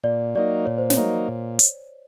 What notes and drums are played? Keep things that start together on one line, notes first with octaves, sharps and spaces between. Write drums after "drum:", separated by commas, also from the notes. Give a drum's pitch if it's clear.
A#2 D5
F#3 A#3 D#4 D5
A#2 C#5
C5
C#5, drum: snare
F#3 A#3 D#4
A#2
drum: hi-hat